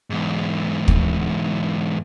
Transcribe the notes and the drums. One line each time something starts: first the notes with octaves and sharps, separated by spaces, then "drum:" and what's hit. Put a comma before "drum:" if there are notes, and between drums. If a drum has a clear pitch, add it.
E2 G#2
drum: kick